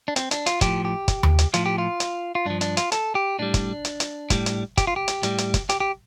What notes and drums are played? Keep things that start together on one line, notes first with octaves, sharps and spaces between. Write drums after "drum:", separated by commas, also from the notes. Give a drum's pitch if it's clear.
D4
C4, drum: hi-hat
D4, drum: hi-hat
F4, drum: hi-hat
A2 F3 G4, drum: kick, hi-hat
G4
drum: kick, hi-hat
drum: tom D#2
drum: hi-hat
A2 F3 F4, drum: hi-hat
G4
F4
drum: hi-hat
F4
G2 F3 D4
D4, drum: hi-hat
F4, drum: hi-hat
A4, drum: hi-hat
G4
A2 G3 D4
drum: kick, hi-hat
drum: hi-hat
drum: hi-hat
A2 G3, drum: kick, hi-hat
drum: hi-hat
G4, drum: kick, hi-hat
F4
G4
drum: hi-hat
A2 G3, drum: hi-hat
drum: hi-hat
drum: kick, hi-hat
G4, drum: hi-hat
G4